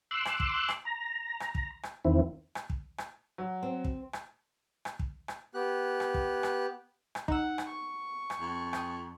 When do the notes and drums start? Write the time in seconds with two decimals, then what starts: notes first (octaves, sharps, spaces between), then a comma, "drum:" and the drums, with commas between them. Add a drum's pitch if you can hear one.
0.11 C6 D6 E6 F#6
0.25 drum: rim click
0.40 drum: kick
0.68 drum: rim click
0.85 A#5
1.40 drum: rim click
1.55 drum: kick
1.83 drum: rim click
2.05 E2 D#3 C4 E4
2.55 drum: rim click
2.70 drum: kick
2.98 drum: rim click
3.38 F#3
3.63 C4
3.85 drum: kick
4.13 drum: rim click
4.85 drum: rim click
4.99 drum: kick
5.28 drum: rim click
5.54 B3 G4 F#6
6.00 drum: rim click
6.14 drum: kick
6.43 drum: rim click
7.15 drum: rim click
7.28 D#4 F#5 E6, drum: kick
7.58 drum: rim click
7.68 C#6
8.30 drum: rim click
8.40 F2
8.73 G5 D#6, drum: rim click